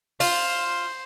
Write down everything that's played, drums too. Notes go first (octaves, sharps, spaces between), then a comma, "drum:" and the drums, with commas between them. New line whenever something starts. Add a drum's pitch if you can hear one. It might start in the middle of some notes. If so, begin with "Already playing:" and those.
F4 C5, drum: open hi-hat